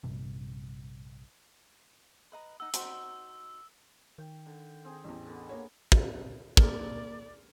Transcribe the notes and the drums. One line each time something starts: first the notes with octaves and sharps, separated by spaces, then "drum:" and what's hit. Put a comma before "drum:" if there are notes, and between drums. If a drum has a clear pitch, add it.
A#1 G2 C3
B4 D#5 A#5
D#4 F#5 E6
D#4 F#4 C5, drum: hi-hat
D#3 G5
D3
C4 G#4
A1 E2
D3 B3
A#3 C#5
drum: kick
A#3 D5 F6, drum: kick